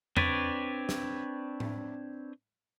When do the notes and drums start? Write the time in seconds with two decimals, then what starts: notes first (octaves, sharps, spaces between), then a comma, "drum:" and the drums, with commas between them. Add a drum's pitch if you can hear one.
0.17 C4 D4 B4 C#5 D5, drum: tom E2
0.89 drum: snare
1.60 drum: tom A2